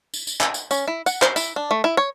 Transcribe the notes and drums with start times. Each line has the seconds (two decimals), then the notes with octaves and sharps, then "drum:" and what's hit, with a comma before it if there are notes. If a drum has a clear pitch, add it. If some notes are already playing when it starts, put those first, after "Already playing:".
0.14 drum: tambourine
0.27 drum: tambourine
0.41 drum: clap
0.54 drum: tambourine
0.71 C#4, drum: tambourine
0.88 E4
1.06 F#5, drum: tambourine
1.22 C5, drum: clap
1.36 E4, drum: tambourine
1.56 D4
1.71 A3
1.84 E4
1.97 C#5